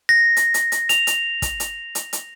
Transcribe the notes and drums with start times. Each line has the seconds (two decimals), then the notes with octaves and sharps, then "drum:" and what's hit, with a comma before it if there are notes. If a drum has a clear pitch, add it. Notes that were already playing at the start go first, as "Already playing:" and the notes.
0.09 A#6
0.37 drum: hi-hat
0.54 drum: hi-hat
0.72 drum: hi-hat
0.89 F7, drum: hi-hat
1.07 drum: hi-hat
1.42 drum: kick, hi-hat
1.60 drum: hi-hat
1.95 drum: hi-hat
2.13 drum: hi-hat